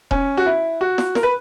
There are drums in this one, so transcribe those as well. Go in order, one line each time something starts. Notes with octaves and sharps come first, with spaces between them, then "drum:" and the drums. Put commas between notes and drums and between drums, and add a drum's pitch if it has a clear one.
C#4, drum: kick E1
F#4
E4
F#4
drum: snare
A#4, drum: snare
B4